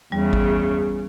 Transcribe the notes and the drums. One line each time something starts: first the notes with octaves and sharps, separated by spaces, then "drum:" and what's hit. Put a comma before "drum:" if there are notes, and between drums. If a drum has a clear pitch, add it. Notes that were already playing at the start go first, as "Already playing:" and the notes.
E2 C#3 G3
drum: kick G#1